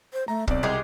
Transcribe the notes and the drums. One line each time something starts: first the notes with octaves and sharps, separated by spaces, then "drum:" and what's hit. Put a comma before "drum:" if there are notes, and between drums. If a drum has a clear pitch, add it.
C5
A3 A#5
B1 C4 D5, drum: kick
C2 G#3 G4 G#4